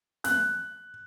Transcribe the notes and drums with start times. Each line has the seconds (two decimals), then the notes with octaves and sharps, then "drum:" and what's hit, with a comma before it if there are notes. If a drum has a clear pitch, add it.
0.24 F#6, drum: snare